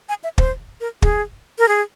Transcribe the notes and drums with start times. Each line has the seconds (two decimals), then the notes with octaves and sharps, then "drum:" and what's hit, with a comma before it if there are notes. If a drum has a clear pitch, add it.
0.09 G#5
0.24 E5
0.38 C5, drum: kick
0.81 A#4
1.02 G#4, drum: kick
1.59 A#4
1.68 G#4